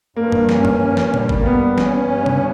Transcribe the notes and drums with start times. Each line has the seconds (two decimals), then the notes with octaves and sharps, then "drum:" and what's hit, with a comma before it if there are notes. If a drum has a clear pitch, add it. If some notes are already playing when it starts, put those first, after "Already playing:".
0.16 G2 A#3
0.32 drum: tom F#2
0.49 C#4, drum: snare
0.65 drum: tom F#2
0.81 G2
0.97 drum: snare
1.14 G3, drum: tom A#2
1.29 drum: kick
1.40 A#3
1.46 G2 B3
1.78 C#4, drum: snare
2.10 G2
2.26 drum: tom C3